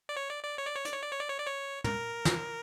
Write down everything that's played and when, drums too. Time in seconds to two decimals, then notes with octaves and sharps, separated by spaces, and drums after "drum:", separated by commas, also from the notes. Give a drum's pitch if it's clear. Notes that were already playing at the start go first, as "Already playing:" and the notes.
0.09 D5
0.17 C#5
0.29 D5
0.44 D5
0.58 C#5
0.67 D5
0.76 C#5
0.85 D5, drum: hi-hat
0.93 C#5
1.03 D5
1.11 C#5
1.20 D5
1.29 C#5
1.38 D5
1.46 C#5
1.84 A#4, drum: tom
2.25 drum: snare